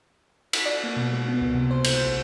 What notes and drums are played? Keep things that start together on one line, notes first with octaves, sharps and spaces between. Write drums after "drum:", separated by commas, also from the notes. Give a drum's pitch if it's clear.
B6, drum: cymbal
D5
A#3
B2
G#3
B3
C#2
C3
C5
G6, drum: cymbal
A#1